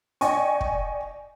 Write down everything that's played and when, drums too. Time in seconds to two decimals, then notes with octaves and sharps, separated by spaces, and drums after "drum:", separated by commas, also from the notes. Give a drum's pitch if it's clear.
0.21 D5 D#5 G5 G#5 C#6, drum: hi-hat
0.61 drum: kick